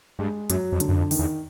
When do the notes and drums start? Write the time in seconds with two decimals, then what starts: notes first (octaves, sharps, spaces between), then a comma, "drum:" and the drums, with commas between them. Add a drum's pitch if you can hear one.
0.19 G2 G#3
0.50 F#2 F#3, drum: hi-hat
0.72 F2
0.80 D3, drum: hi-hat
0.89 F#2
0.96 F2
1.11 D#3, drum: open hi-hat
1.19 E2